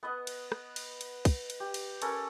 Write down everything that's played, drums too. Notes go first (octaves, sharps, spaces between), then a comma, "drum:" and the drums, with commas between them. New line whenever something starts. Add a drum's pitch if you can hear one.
B3 B4 D#5 F#5
drum: cymbal
drum: rim click
drum: cymbal
drum: cymbal
drum: kick, cymbal
drum: cymbal
G4
drum: cymbal
C#4 A4 A#4, drum: cymbal